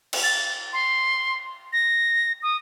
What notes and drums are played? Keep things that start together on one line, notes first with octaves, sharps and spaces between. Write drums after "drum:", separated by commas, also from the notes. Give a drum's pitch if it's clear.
drum: cymbal
A6
C6
A#6
D#6